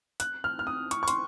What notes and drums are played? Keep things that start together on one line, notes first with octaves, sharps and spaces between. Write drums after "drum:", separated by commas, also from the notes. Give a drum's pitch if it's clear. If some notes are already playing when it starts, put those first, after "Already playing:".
F#6, drum: hi-hat
F6
F6
D#6
C#6, drum: hi-hat
C#6
C6, drum: hi-hat